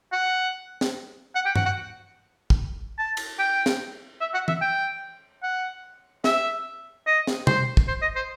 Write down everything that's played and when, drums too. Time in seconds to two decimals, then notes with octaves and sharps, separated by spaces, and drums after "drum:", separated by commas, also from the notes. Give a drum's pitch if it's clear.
0.12 F#5
0.81 drum: snare
1.35 F#5
1.45 G5
1.55 F#5, drum: tom G2
1.66 F#5
2.50 drum: kick
2.98 A5
3.17 drum: cymbal
3.39 G5
3.66 drum: snare
4.21 E5
4.34 F#5
4.48 E5, drum: tom
4.61 G5
5.43 F#5
6.24 E5, drum: snare
7.06 D#5
7.27 drum: snare
7.47 C5, drum: tom
7.77 drum: kick
7.88 C5
8.02 D#5
8.16 C5